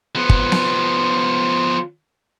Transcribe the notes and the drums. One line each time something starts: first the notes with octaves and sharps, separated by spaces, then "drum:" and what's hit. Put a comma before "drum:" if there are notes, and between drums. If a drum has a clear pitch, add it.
F3 B3
drum: kick G1
drum: snare B3